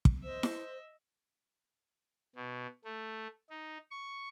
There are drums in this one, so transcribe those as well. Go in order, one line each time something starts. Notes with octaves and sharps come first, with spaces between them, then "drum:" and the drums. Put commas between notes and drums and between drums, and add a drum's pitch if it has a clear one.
drum: kick
C5 D#5 E5
drum: snare E4
B2
A3
D#4
C#6